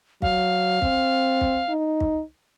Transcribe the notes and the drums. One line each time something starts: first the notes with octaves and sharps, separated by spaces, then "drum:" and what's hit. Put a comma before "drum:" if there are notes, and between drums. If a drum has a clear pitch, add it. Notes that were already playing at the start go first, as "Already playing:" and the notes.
F#3 F5, drum: kick
C4, drum: kick
drum: kick
D#4
drum: kick